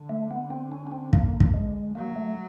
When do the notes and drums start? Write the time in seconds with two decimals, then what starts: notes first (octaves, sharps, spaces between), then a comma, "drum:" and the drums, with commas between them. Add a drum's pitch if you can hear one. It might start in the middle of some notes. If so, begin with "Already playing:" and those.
Already playing: D3
0.09 A3
0.31 B3
0.50 C4
0.72 C#4
0.87 C#4
0.92 C4
1.13 A#3, drum: kick
1.40 drum: kick
1.54 G#3
1.95 F#3 A#3
2.16 A3